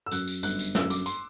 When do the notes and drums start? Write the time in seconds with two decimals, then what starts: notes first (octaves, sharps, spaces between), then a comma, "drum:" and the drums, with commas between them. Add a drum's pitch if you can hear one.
0.06 E6
0.12 F#2 F#6, drum: tambourine
0.28 drum: tambourine
0.43 G1 F#6, drum: tambourine
0.59 drum: tambourine
0.75 F#2 E6, drum: snare
0.90 D6, drum: tambourine
1.06 C6, drum: tambourine